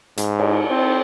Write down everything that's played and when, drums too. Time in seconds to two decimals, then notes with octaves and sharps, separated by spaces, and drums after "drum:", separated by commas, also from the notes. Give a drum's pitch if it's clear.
0.17 G#2, drum: hi-hat
0.39 drum: cymbal
0.71 C4